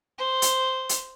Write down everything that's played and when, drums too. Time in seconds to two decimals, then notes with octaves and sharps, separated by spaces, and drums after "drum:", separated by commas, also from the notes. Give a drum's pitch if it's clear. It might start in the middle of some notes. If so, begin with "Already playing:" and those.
0.18 C5
0.42 drum: hi-hat
0.89 drum: hi-hat